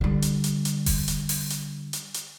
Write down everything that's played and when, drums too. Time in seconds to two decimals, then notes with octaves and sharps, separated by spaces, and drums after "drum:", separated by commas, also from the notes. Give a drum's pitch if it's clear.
0.01 D3 G3
0.22 drum: hi-hat
0.44 drum: hi-hat
0.65 drum: hi-hat
0.86 drum: kick F1, open hi-hat
1.08 drum: hi-hat
1.29 drum: open hi-hat
1.50 drum: hi-hat
1.93 drum: hi-hat
2.14 drum: hi-hat